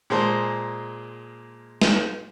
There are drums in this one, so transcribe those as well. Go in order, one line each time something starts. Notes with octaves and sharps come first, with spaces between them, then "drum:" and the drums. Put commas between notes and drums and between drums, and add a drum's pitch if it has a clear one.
A#2 G#3 A#3 G#4 C5 A5
drum: snare